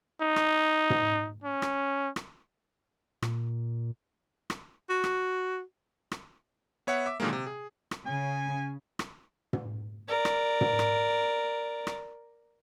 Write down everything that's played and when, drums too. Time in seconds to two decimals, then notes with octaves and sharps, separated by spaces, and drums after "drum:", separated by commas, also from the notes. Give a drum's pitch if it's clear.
0.22 D#4
0.36 drum: rim click
0.90 drum: tom
1.44 C#4
1.62 drum: rim click
2.16 drum: rim click
3.22 A#2, drum: rim click
4.50 drum: rim click
4.89 F#4
5.04 drum: rim click
6.12 drum: rim click
6.87 B3 C#5 E5 F#5
7.06 E5 D6
7.20 A#2 D3 D#3 F#3 G#3 A#3
7.33 C3
7.46 G#4
7.91 drum: rim click
8.06 C#3 G#5
8.99 drum: rim click
9.53 drum: tom
10.08 A#4 D5
10.25 drum: rim click
10.61 drum: tom
10.79 drum: rim click
11.87 drum: rim click